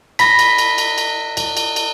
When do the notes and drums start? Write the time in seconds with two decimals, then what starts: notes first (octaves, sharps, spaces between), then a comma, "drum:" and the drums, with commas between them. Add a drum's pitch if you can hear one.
0.19 B5 A#6 B6, drum: cymbal
0.39 drum: cymbal
0.58 drum: cymbal
0.78 drum: cymbal
0.98 drum: cymbal
1.37 drum: cymbal
1.57 drum: cymbal
1.76 drum: cymbal